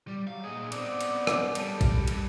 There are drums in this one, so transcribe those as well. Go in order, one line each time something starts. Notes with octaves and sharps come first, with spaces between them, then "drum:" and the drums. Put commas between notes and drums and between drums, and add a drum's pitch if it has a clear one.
G3
F#3 F5
A#2 G#4 D#5
B3 C4 D5, drum: cymbal
drum: cymbal
drum: rim click
G3 A4, drum: cymbal
drum: kick A#1, cymbal
G2, drum: cymbal